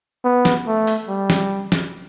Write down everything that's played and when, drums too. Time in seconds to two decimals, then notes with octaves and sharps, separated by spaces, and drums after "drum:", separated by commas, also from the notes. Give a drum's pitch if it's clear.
0.25 B3
0.45 drum: snare
0.67 A3
0.87 drum: open hi-hat
1.08 G3
1.30 drum: snare
1.72 drum: snare